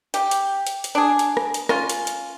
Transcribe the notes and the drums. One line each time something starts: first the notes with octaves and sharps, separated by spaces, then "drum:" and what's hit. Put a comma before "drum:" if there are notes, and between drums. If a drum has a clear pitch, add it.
G4, drum: hi-hat
drum: hi-hat
drum: hi-hat
drum: hi-hat
D4 G#4
drum: hi-hat
drum: rim click
drum: hi-hat
C#4 F4, drum: rim click
drum: hi-hat
drum: hi-hat